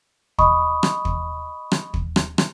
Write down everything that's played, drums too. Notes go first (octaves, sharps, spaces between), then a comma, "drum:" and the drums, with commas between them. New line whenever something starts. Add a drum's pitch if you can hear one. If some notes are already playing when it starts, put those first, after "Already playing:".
D#5 B5 C#6 D#6, drum: kick
drum: rim click
drum: kick
drum: rim click
drum: kick
drum: rim click
drum: rim click